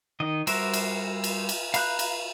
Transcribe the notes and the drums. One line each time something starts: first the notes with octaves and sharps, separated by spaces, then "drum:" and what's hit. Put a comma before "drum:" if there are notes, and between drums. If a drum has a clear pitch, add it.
D#3 D#5
G3 F#4 A#4 C5 E5, drum: cymbal
drum: cymbal
drum: cymbal
drum: cymbal
F5 A#5 B5 F#6 G6, drum: cymbal
drum: cymbal